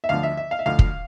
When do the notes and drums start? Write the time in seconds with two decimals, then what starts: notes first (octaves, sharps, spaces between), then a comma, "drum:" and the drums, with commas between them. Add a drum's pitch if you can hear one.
0.04 E5
0.09 D2 D3 F3 F5
0.23 E5
0.37 E5
0.51 F5
0.59 E5
0.66 D2 D3 F3 F5
0.79 drum: kick